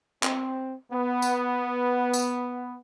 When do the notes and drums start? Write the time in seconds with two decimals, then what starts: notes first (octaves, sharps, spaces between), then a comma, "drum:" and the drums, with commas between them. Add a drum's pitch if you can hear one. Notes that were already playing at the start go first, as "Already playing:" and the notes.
0.23 C4, drum: clap
0.92 B3
1.22 drum: tambourine
2.14 drum: tambourine